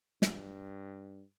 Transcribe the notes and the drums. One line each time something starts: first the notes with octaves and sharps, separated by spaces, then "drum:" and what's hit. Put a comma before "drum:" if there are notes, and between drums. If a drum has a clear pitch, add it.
G2, drum: snare